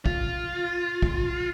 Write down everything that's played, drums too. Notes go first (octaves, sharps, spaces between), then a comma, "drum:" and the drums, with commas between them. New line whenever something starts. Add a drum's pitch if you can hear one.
F4, drum: kick
drum: kick